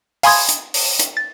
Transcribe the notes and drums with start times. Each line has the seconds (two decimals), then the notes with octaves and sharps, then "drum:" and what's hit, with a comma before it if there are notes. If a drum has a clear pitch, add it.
0.23 F5 G#5 B5 C6 D#6 G#6, drum: open hi-hat
0.49 drum: hi-hat
0.74 drum: open hi-hat
1.00 drum: hi-hat
1.17 A6